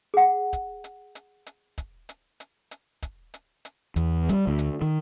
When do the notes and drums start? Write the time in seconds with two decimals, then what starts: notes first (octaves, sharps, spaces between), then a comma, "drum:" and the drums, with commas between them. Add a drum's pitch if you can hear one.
0.14 G#4 F#5
0.53 drum: kick, hi-hat
0.84 drum: hi-hat
1.15 drum: hi-hat
1.46 drum: hi-hat
1.78 drum: kick, hi-hat
2.09 drum: hi-hat
2.40 drum: hi-hat
2.71 drum: hi-hat
3.02 drum: kick, hi-hat
3.34 drum: hi-hat
3.65 drum: hi-hat
3.96 E2, drum: hi-hat
4.29 G3, drum: kick, hi-hat
4.47 D2
4.58 drum: hi-hat
4.82 D#3